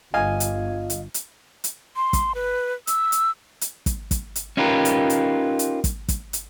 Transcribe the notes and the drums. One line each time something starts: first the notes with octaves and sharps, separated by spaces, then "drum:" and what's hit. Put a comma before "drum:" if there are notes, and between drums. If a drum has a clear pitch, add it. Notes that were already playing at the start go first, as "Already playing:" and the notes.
G1 F4 D#5 F5 G#5
drum: hi-hat
drum: hi-hat
drum: hi-hat
drum: hi-hat
C6
drum: kick, hi-hat
B4
E6, drum: hi-hat
drum: hi-hat
drum: hi-hat
drum: kick, hi-hat
drum: kick, hi-hat
drum: hi-hat
C#4 D#4 F4 G4 A#4 B4
drum: hi-hat
drum: hi-hat
drum: hi-hat
drum: kick, hi-hat
drum: kick, hi-hat
drum: hi-hat